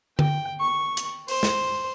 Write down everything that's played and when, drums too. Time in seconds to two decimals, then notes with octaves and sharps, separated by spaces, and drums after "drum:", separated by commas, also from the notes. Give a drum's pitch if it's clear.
0.19 G5, drum: tom D3
0.60 C#6
0.97 drum: hi-hat
1.28 C5, drum: open hi-hat
1.43 drum: snare